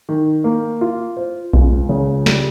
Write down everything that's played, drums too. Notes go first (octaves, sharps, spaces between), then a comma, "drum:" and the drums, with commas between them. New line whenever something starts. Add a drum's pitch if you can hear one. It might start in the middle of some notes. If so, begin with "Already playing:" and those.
D#3
A#3
F4
C5
C#2, drum: kick B1
C#3
G3, drum: snare